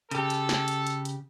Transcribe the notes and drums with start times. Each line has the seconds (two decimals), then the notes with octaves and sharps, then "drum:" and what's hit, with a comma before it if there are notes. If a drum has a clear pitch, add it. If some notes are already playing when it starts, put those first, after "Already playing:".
0.11 C#3 G4 A4, drum: hi-hat
0.30 drum: hi-hat
0.49 drum: snare
0.68 drum: hi-hat
0.87 drum: hi-hat
1.05 drum: hi-hat